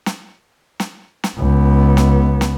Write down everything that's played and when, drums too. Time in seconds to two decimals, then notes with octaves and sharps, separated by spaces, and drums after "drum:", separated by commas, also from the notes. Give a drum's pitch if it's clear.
0.06 drum: snare
0.80 drum: snare
1.24 drum: snare
1.38 C#2 B3
1.97 drum: snare
2.41 drum: snare